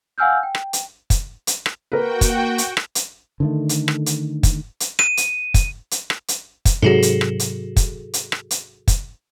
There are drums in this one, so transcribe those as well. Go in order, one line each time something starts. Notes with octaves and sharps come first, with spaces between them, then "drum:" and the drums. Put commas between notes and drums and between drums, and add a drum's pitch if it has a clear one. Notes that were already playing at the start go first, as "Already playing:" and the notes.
F5 F#5 G#5 E6 F6 G6
G5
drum: rim click
drum: hi-hat
drum: kick, hi-hat
drum: hi-hat
drum: rim click
A#3 F#4 A#4 B4 G5
drum: kick, hi-hat
drum: hi-hat
drum: rim click
drum: hi-hat
D3 D#3 A3
drum: hi-hat
drum: rim click
drum: hi-hat
drum: kick, hi-hat
drum: hi-hat
D#7, drum: rim click
drum: hi-hat
drum: kick, hi-hat
drum: hi-hat
drum: rim click
drum: hi-hat
drum: kick, hi-hat
G#2 C3 F#3 F#4 G#4 A4
drum: hi-hat
drum: rim click
drum: hi-hat
drum: kick, hi-hat
drum: hi-hat
drum: rim click
drum: hi-hat
drum: kick, hi-hat